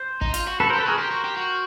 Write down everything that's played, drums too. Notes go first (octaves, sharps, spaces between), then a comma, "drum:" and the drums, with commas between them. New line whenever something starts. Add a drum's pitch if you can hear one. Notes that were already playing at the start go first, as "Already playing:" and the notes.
Already playing: C5
D#4, drum: kick
F4, drum: hi-hat
F#4
F#4 A4 B4
G4 A#4 C5
A4 B4
F#4 G#4 A#4
G4 A#4 C5
F#4
G4
F#4